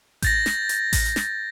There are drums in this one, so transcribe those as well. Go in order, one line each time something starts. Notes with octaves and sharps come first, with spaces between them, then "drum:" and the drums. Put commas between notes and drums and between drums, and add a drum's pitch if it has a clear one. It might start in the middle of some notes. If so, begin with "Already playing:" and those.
G6 A6 A#6, drum: kick A1, hi-hat
drum: snare
drum: hi-hat
drum: kick A1, open hi-hat
drum: snare